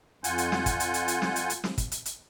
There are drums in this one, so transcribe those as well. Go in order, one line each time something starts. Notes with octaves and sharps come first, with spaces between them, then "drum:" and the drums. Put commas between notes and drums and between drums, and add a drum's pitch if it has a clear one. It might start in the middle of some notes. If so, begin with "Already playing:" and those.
F2 F4 F#5 G#5 G6, drum: hi-hat
drum: hi-hat
drum: snare
drum: kick, hi-hat
drum: hi-hat
drum: hi-hat
drum: hi-hat
drum: snare
drum: hi-hat
drum: hi-hat
drum: snare
drum: kick, hi-hat
drum: hi-hat
drum: hi-hat